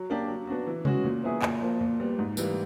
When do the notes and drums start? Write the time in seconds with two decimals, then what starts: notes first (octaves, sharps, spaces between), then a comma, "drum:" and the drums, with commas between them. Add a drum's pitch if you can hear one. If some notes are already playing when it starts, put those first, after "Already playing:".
Already playing: F#3
0.10 A#3 D4 G4
0.28 F#3
0.47 B3 D4 F#4
0.67 E3
0.85 G#3 C#4 F#4, drum: tom C3
1.04 A#2
1.24 F#3 B3 E4 G#4
1.42 A#2, drum: clap
1.61 F3 A#3
1.81 A#2
2.00 G3 B3
2.19 G#2
2.37 E3 G3 A#3, drum: tambourine